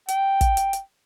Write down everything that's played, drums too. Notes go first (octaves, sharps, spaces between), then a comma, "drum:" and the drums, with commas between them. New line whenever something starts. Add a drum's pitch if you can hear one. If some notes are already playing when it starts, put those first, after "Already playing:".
G5, drum: hi-hat
drum: kick, hi-hat
drum: hi-hat
drum: hi-hat